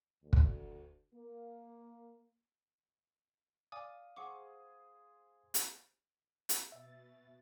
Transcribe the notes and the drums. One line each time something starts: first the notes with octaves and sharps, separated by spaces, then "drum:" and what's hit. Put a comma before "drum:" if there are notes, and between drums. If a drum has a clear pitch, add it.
D2
drum: kick
A#3
D5 F5 G#5 D6 D#6
G#4 C5 F#5 C#6 D6
drum: hi-hat
drum: hi-hat
B2 E5 A6